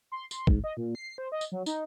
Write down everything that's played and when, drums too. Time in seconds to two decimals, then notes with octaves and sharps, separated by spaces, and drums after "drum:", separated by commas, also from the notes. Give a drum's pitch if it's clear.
0.12 C6
0.31 C6, drum: tambourine
0.47 G#2, drum: kick
0.64 D#5
0.77 A#2
0.95 C7
1.18 C5
1.32 D#5
1.41 drum: tambourine
1.52 F#3
1.66 D#4, drum: tambourine